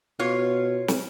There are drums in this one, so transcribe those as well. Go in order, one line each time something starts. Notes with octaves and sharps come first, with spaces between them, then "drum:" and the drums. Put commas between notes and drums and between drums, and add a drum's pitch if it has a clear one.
B2 F4 C#5
drum: snare